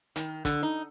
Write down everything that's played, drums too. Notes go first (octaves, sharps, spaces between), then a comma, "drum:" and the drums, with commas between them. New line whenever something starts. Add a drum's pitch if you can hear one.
D#3, drum: hi-hat
D3, drum: kick, hi-hat
D#4